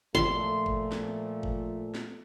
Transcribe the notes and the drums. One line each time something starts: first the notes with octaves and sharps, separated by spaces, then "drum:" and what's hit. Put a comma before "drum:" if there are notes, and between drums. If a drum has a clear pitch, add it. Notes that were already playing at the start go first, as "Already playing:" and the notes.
A#2 F3 A3 C6, drum: kick G1
drum: kick G1
drum: snare
drum: kick G1
drum: snare